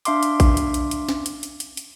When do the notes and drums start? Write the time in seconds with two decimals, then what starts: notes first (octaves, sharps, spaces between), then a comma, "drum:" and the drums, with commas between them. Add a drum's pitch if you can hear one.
0.05 D4 E5 F5 C6 D6, drum: hi-hat
0.23 drum: hi-hat
0.40 drum: kick A#1, hi-hat
0.57 drum: hi-hat
0.74 drum: hi-hat
0.91 drum: hi-hat
1.09 drum: snare
1.26 drum: hi-hat
1.43 drum: hi-hat
1.60 drum: hi-hat
1.77 drum: hi-hat